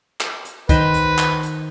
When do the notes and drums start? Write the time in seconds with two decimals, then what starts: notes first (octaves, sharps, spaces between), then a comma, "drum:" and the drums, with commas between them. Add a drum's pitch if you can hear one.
0.20 drum: clap
0.45 drum: hi-hat
0.69 D#3 B4 C5, drum: kick, hi-hat
0.94 drum: hi-hat
1.18 drum: clap
1.43 drum: hi-hat